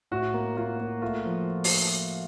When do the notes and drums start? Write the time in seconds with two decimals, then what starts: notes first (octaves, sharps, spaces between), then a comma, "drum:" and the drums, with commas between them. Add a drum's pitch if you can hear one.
0.11 A2 F#4
0.34 A#3
0.57 A#3 F4
0.80 A#3
1.02 A3 F4
1.24 F3
1.64 drum: open hi-hat